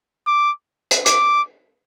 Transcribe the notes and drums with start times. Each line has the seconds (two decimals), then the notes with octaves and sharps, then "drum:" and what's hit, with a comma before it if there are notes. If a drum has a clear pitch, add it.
0.27 D6
0.91 drum: hi-hat
1.06 D6, drum: hi-hat